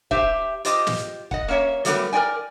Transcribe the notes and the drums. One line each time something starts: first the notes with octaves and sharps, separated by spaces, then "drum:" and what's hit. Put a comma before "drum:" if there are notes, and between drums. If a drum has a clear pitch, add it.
G4 C5 E5, drum: kick
F4 G4 C5 D#5, drum: hi-hat
drum: snare
D#5 F#5, drum: kick
A#3 C#4 C#5 E5
F#3 G3 A3 B3 F4 A#4, drum: hi-hat
A#4 B4 D5 G5 G#5